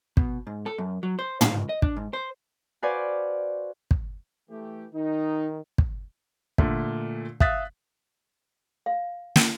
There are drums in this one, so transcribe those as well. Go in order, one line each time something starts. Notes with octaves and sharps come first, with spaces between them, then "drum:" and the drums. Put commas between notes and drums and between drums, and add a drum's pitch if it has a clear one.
B2, drum: kick
G#2
A4
F#2
F#3
C5
F5, drum: tom
C#2
D#5
D4, drum: kick
G#2
C5
F#4 B4 C5 D5 F5 G#5
drum: kick
E3 A3 G4
D#3 D#4
drum: kick
A#2 D3 A3, drum: kick
E5 F5 D#6 F#6 A6 B6, drum: kick
F5
drum: snare